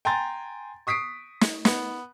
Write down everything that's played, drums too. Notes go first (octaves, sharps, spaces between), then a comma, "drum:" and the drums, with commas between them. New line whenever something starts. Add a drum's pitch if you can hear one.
G5 G#5 A#5 C6 A6
C#6 D#6 B6 C7 D7
drum: snare
B3, drum: snare